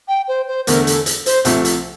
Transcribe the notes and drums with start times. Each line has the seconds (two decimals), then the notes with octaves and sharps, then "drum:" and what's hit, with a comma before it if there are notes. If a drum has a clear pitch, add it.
0.08 G5
0.28 C5
0.47 C5
0.67 E2 D3 A3 A#4, drum: hi-hat
0.87 A4, drum: hi-hat
1.06 drum: hi-hat
1.26 C5, drum: hi-hat
1.45 C2 C3 F3 A3, drum: hi-hat
1.65 drum: hi-hat